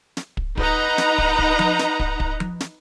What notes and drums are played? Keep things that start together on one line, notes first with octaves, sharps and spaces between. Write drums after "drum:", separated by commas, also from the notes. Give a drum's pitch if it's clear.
drum: snare
drum: kick
D#4 B4 D#5 F#5 A#5, drum: kick
drum: snare
drum: kick
drum: kick
drum: tom F3
drum: snare
drum: kick
drum: kick
drum: tom F3
drum: snare